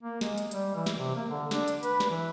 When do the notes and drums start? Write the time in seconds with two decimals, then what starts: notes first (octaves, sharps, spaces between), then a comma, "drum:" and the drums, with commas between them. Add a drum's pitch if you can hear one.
0.03 A#3
0.21 G#3, drum: snare
0.38 drum: hi-hat
0.51 G3, drum: hi-hat
0.75 E3
0.86 drum: snare
0.97 C3
1.15 A#3
1.29 D3
1.51 D4, drum: snare
1.68 drum: hi-hat
1.83 B4, drum: hi-hat
2.00 drum: snare
2.11 E3